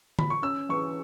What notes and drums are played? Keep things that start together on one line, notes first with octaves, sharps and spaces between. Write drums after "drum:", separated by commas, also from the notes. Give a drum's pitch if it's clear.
B5, drum: tom D3
C#6
C#4 E6
E3 C#6